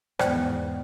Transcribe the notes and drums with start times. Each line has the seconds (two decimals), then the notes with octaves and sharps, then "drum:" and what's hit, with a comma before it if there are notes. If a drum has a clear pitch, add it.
0.19 E2 G#2 C5 D5 G5, drum: rim click